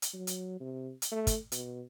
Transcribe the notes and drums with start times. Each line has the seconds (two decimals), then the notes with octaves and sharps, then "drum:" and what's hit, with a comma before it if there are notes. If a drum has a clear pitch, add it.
0.02 drum: hi-hat
0.13 F#3
0.27 drum: hi-hat
0.60 C3
1.02 drum: hi-hat
1.12 A3
1.27 drum: kick, hi-hat
1.52 B2, drum: hi-hat